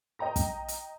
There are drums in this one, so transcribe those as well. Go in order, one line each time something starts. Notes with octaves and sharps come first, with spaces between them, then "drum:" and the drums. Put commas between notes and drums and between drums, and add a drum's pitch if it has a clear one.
D#5 G5 A#5 A#6
drum: kick, hi-hat
drum: hi-hat